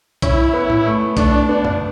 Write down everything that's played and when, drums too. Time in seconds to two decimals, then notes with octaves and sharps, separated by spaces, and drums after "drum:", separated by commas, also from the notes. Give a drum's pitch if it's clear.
0.22 C#4 E4, drum: kick B1, hi-hat
0.53 B3
0.70 drum: tom A2
0.86 A3
1.17 A3 D4, drum: kick B1, hi-hat
1.49 B3 D4
1.65 drum: tom F2